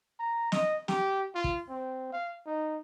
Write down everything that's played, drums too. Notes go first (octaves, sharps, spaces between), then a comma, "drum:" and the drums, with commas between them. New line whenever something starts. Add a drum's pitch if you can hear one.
A#5
D#5, drum: snare
G4, drum: snare
F4
drum: kick
C4
F5
D#4